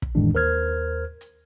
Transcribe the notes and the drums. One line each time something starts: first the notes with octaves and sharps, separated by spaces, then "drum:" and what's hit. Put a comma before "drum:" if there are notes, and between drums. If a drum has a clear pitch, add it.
drum: kick
F2 A2 D#3 E3 G#3 D4
D#2 A#4 C5 F6 G#6
drum: hi-hat